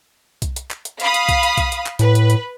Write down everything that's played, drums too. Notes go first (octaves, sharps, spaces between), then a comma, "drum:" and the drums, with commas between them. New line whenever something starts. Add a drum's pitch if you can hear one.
drum: kick B1, hi-hat
drum: hi-hat
drum: clap
drum: hi-hat
F5 B5 D#6, drum: hi-hat
drum: hi-hat
drum: kick B1, hi-hat
drum: hi-hat
drum: kick B1, hi-hat
drum: hi-hat
drum: clap
A2 B4, drum: hi-hat
drum: hi-hat
drum: hi-hat